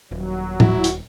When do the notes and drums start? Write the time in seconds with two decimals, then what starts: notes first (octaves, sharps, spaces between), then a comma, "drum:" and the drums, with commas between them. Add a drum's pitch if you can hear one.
0.11 D#1 F#3
0.60 E4 F#4, drum: tom A2
0.84 drum: hi-hat